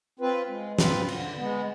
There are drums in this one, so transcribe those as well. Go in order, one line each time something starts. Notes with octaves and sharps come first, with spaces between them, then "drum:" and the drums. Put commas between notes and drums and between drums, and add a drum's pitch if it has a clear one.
C4 F4 B4
G#3
C4 F4 B4, drum: snare
D3, drum: cymbal
G#3 B3